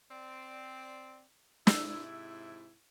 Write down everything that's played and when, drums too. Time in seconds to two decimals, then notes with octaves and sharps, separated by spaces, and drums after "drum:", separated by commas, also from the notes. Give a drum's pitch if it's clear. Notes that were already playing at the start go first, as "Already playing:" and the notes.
0.11 C4 D5
1.67 G#2 C3 E4 E6, drum: snare